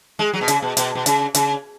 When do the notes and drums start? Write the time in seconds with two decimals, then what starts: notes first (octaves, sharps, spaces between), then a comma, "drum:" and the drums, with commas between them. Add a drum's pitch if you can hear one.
0.19 G#3
0.33 F#3
0.41 B2
0.48 C#3, drum: hi-hat
0.62 B2
0.77 B2, drum: hi-hat
0.95 B2
1.06 C#3, drum: hi-hat
1.34 C#3, drum: hi-hat